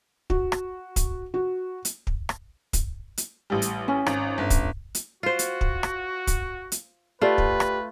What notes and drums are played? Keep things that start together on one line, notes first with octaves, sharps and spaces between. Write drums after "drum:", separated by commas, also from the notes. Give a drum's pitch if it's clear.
F#4, drum: kick
drum: rim click
drum: kick, hi-hat
F#4
drum: hi-hat
drum: kick
drum: rim click
drum: kick, hi-hat
drum: hi-hat
A1 G3
drum: hi-hat
C#4
G#1, drum: rim click
G1
drum: kick, hi-hat
drum: hi-hat
F4 F#4 C5
drum: hi-hat
drum: kick
drum: rim click
drum: kick, hi-hat
drum: hi-hat
A3 F4 G4 B4 D5
drum: kick
drum: rim click